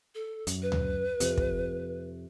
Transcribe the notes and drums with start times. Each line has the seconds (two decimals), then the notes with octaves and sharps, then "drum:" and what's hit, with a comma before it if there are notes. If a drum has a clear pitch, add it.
0.15 A4
0.47 F#2, drum: hi-hat
0.62 B4
0.72 drum: tom D2
1.20 F2 C3, drum: hi-hat
1.38 drum: kick